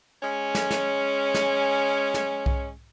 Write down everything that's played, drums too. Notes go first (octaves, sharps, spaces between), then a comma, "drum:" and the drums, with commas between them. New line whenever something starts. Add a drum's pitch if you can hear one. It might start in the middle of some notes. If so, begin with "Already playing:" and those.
G#3 C#4
drum: snare
drum: snare
drum: snare
drum: snare
drum: kick B1